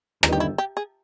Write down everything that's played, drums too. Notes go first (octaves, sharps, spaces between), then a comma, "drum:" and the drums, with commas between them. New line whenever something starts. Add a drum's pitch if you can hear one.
G1 G2 D#3 D#4, drum: rim click
G4
E4
G4
G#4